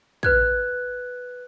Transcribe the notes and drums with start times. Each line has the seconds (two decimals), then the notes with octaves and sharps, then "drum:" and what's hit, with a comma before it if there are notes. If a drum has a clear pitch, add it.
0.23 B4 F#6 G#6, drum: kick